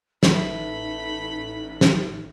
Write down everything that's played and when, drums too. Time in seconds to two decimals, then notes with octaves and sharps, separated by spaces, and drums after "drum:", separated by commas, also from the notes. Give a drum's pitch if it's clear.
0.23 A1 A3 D#4 B4 E5 B5, drum: snare
1.81 drum: snare